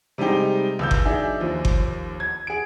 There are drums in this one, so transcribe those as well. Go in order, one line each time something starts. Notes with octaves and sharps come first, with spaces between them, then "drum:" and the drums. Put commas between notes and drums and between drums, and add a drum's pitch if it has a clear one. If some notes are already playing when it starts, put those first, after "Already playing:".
C3 G3 G#3 D#4 G5
C#2 E6 G6
drum: kick G1
F#3 D4 D#4 G#4 E5
D#2 F3
drum: kick G1
G#6
G#4 D7